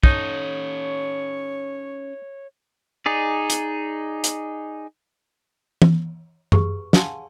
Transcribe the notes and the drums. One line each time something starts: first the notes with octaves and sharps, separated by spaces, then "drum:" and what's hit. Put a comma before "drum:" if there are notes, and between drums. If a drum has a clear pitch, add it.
C#4 D#4 A4 C#5, drum: kick
D#4 G#4 D5
drum: hi-hat
drum: hi-hat
drum: tom E3
G4 G#4 B4 C#6, drum: tom F#2
F5 F#5 G#5 A5 C6, drum: snare